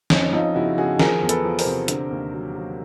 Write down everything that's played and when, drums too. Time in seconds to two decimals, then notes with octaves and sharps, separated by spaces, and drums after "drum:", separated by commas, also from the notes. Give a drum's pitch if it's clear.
0.10 F2 C#4 D#4, drum: snare
0.33 F2 D#4 F4
0.54 C#3 E4 F#4
0.77 C#3 F#4 G#4
0.99 F3 G#4 A#4, drum: snare
1.22 E2
1.29 A4 B4, drum: hi-hat
1.45 F3
1.59 A#4 C5, drum: open hi-hat
1.66 C3
1.88 D3, drum: hi-hat
2.11 D#2
2.33 F#3
2.55 F#3